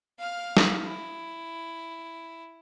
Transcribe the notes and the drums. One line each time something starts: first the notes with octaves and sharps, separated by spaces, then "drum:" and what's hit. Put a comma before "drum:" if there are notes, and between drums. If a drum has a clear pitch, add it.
F5 F6
drum: snare
E4